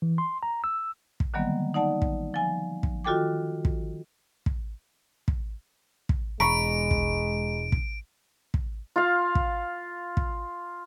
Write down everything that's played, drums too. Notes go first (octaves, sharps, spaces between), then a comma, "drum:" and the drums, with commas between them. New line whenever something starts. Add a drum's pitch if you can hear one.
E3
C6
A#5
E6
drum: kick
D3 D#3 F#3 G3 A#3 B3
D#4 D5 F#5 A5
drum: kick
F3 G#5
drum: kick
D#3 F4 F#4 A4 G5 D6
drum: kick
drum: kick
drum: kick
drum: kick
E1 G#3 A#5 B5 C#6 D7
drum: kick
drum: kick
drum: kick
F4 F5
drum: kick
drum: kick